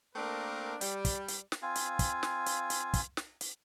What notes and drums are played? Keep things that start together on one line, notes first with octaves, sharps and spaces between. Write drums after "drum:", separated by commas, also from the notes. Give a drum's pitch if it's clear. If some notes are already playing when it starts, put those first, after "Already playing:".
A3 A#3 C4 D4 A#4
G3, drum: hi-hat
drum: kick, hi-hat
drum: hi-hat
drum: snare
C4 F4 F5 G#5
drum: hi-hat
drum: kick, hi-hat
drum: snare
drum: hi-hat
drum: hi-hat
drum: kick, hi-hat
drum: snare
drum: hi-hat